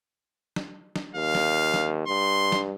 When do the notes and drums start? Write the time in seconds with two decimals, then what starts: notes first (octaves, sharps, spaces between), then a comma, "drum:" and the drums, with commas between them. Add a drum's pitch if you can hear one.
0.56 drum: snare
0.96 drum: snare
1.15 D#2 F5
1.35 drum: snare
1.74 drum: snare
2.07 G2 C6
2.52 drum: snare